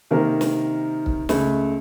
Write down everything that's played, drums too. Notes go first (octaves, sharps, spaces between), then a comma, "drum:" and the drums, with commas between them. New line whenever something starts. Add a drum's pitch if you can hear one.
C3 D#3 A#3 A#4
drum: snare
drum: kick
C#2 A3, drum: snare